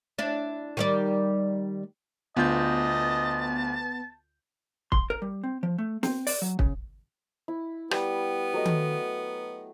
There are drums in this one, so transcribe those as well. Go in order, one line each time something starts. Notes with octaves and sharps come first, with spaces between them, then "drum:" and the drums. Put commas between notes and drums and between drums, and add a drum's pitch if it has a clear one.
D4 E4
D#3 G3 D5
D2 B3 F4 D#5 A5 G6
C6, drum: kick
A#4
G3
C4
F3
A3
C4, drum: snare
D5, drum: open hi-hat
F#3
C#3, drum: kick
E4
G3 B3, drum: rim click
F#3 A3 D#5
drum: tom D#3